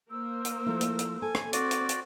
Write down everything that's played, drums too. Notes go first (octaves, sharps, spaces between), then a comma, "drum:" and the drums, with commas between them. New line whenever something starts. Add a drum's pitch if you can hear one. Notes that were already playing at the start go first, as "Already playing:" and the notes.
A#3 A#4 C5 E6
drum: hi-hat
F3 A3 E4
drum: hi-hat
drum: hi-hat
A4 G#5
drum: rim click
C4 F#4 D5 D6, drum: hi-hat
drum: hi-hat
drum: hi-hat